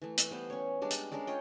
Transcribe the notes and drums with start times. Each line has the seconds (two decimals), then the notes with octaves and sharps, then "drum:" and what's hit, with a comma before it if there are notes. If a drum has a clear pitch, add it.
0.02 E3 A3
0.18 drum: hi-hat
0.31 G3 B3 C5
0.50 C#4 C#5
0.82 G3 G#3 D4
0.91 drum: hi-hat
1.12 G#3 C#4 D4 A#4
1.27 F4 C#5 D#5 G5